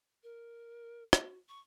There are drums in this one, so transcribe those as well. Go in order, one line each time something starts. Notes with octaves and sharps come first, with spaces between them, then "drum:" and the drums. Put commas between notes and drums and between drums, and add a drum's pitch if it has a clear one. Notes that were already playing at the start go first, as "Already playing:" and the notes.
A#4
F#4, drum: rim click
C#6